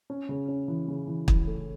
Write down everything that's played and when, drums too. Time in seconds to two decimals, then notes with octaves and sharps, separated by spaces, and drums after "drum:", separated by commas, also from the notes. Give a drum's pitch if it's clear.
0.10 C#4
0.29 C#3
0.48 C#4
0.68 E3
0.88 C#3
1.07 E3
1.28 E3, drum: kick
1.47 A3